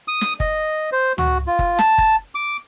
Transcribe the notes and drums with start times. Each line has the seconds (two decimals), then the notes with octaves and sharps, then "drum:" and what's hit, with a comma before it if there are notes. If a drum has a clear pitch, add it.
0.08 D#6
0.21 drum: snare
0.40 D#5, drum: kick
0.92 C5
1.18 F#4, drum: tom C#2
1.47 F4
1.59 drum: kick
1.79 A5, drum: snare
1.98 drum: kick
2.35 D6